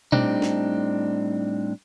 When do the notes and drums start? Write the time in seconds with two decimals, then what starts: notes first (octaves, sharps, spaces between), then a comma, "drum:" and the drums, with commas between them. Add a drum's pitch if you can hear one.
0.12 A2 G3 C4 D4 D#4, drum: tom A#2
0.42 drum: snare